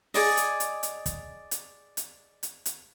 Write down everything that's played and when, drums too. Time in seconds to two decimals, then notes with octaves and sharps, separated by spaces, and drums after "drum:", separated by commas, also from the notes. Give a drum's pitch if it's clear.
0.14 G#4 D5 D#5, drum: open hi-hat
0.37 drum: hi-hat
0.60 drum: hi-hat
0.83 drum: hi-hat
1.06 drum: kick, hi-hat
1.51 drum: hi-hat
1.97 drum: hi-hat
2.43 drum: hi-hat
2.66 drum: hi-hat